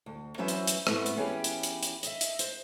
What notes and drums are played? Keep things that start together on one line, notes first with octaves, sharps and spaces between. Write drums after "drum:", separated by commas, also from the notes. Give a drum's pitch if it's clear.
D2
E3 F#3 C#4 B4 C5 E5
drum: hi-hat
drum: hi-hat
G#2 A3 B3 C4 E4, drum: rim click
drum: hi-hat
E3 B3 C#4 G4 G#4 B4
drum: hi-hat
drum: hi-hat
drum: hi-hat
D#5 E5, drum: hi-hat
drum: hi-hat
C5, drum: hi-hat